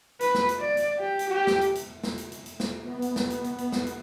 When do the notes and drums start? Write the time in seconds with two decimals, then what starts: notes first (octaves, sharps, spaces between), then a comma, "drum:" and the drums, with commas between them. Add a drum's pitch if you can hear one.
0.20 B4, drum: hi-hat
0.35 drum: snare
0.49 drum: hi-hat
0.60 D5
0.77 drum: hi-hat
0.99 G4
1.19 drum: hi-hat
1.29 G4
1.47 drum: snare
1.61 drum: hi-hat
1.75 drum: hi-hat
2.04 drum: snare
2.18 drum: hi-hat
2.32 drum: hi-hat
2.46 drum: hi-hat
2.60 drum: snare
2.81 B3
3.02 drum: hi-hat
3.16 drum: snare
3.30 drum: hi-hat
3.44 drum: hi-hat
3.58 drum: hi-hat
3.72 drum: snare
3.87 drum: hi-hat